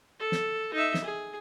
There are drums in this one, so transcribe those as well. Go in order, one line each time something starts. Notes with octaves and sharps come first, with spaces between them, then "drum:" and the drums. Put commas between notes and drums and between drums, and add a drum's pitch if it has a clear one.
A4
drum: snare
D#4 E5
drum: snare
G#4